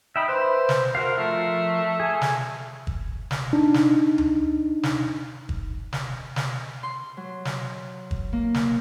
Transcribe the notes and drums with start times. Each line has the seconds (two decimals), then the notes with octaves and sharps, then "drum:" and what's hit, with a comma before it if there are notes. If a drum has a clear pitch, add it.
0.16 D#4 E5 G5 B5
0.28 B4 C5 E5 B5
0.69 drum: snare
0.95 F#4 A#4 C5 F5
1.17 F3 A3 F4 A#4
2.00 G#4 G#5
2.21 drum: snare
2.87 drum: kick
3.31 drum: snare
3.53 D4 D#4
3.74 drum: snare
4.18 drum: tom D2
4.83 drum: snare
5.49 drum: kick
5.93 drum: snare
6.36 drum: snare
6.83 C6
7.17 F#3
7.45 drum: snare
8.11 drum: kick
8.33 A#3
8.54 drum: snare